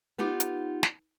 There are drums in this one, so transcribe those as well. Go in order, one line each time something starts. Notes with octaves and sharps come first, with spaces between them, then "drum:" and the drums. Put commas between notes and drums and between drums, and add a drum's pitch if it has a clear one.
B3 D#4 F4 G4
drum: hi-hat
drum: snare